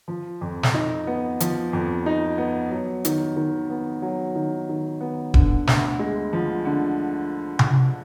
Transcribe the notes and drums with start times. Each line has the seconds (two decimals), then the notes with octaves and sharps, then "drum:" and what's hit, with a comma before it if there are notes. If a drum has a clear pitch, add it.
0.08 F3
0.41 F2
0.63 drum: snare
0.74 D#4
1.07 B3
1.40 F3, drum: hi-hat
1.73 F2
2.06 D#4
2.38 B3
2.71 F#3
3.05 D#3, drum: hi-hat
3.36 D#3
3.70 B3
4.02 F#3
4.35 D#3
4.69 D#3
5.01 B3
5.34 D3, drum: kick D#1
5.67 D2, drum: snare
5.99 G#3
6.33 F3
6.65 D3
7.59 drum: tom C3